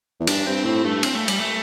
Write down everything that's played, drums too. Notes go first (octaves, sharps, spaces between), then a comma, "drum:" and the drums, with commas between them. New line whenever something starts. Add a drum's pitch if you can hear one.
E2
G2 D4, drum: cymbal
G2 C4
A2 C4
G2 A3
C4, drum: cymbal
A3
G3, drum: cymbal
A3